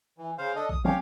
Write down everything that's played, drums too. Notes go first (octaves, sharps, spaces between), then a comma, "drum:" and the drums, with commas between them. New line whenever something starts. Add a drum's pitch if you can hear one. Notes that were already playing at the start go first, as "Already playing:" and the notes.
E3
C#3 C5 F5
D4 A4 D#5
D#6, drum: kick A#1
F#3 C4 C#4 G4 C#5 F5